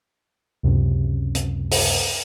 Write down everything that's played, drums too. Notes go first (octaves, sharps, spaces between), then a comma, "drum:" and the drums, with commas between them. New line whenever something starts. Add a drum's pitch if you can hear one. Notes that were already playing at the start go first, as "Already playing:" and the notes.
C#2 F#2 C3
drum: hi-hat
drum: open hi-hat